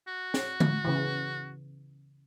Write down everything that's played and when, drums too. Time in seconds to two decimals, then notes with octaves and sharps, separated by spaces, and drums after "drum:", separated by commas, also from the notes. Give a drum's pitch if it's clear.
0.07 F#4
0.34 drum: snare
0.60 drum: tom D3
0.85 C#3 E3